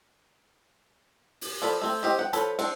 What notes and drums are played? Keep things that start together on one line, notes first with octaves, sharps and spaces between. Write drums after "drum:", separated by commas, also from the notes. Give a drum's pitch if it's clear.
drum: open hi-hat
F3 A4 D5 B5
A3 C4
C4 G4 D#5
F#5 G5
F3 A4 B4 C#5, drum: hi-hat
C4 D4, drum: cymbal